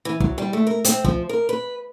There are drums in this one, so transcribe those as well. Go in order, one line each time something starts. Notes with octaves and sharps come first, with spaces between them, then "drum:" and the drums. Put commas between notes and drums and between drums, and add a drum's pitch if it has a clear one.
E3
F#3, drum: kick
G3
A3
A#4
C4, drum: hi-hat
F3, drum: kick
A#4
B4